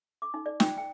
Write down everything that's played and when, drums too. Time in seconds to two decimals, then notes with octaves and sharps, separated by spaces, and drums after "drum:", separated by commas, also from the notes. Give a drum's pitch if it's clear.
0.22 D6
0.34 D#4
0.46 D5
0.60 G5, drum: snare
0.78 G5